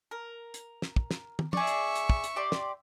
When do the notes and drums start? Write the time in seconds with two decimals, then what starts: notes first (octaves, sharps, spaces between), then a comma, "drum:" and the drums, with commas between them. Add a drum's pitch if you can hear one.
0.11 A#4
0.54 drum: hi-hat
0.82 drum: snare
0.96 drum: kick
1.11 drum: snare
1.39 drum: tom
1.53 G#4 D5 E5 C#6, drum: tom
1.67 drum: hi-hat
1.95 drum: hi-hat
2.10 drum: kick
2.24 drum: hi-hat
2.36 G4 D5 C6
2.52 drum: snare